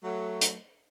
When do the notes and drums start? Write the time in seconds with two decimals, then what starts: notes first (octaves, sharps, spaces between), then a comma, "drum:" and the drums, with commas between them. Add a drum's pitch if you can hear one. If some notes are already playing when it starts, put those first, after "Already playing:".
0.04 F#3 A3
0.41 drum: hi-hat